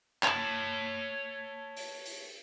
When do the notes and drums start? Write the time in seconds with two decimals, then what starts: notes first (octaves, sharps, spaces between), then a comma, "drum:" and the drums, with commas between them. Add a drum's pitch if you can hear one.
0.23 C#5 A5, drum: clap
1.77 drum: open hi-hat
2.05 drum: open hi-hat